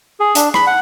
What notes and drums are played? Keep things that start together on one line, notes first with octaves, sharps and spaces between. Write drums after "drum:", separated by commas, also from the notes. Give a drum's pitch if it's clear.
G#4
D4, drum: hi-hat
B5, drum: rim click
F#5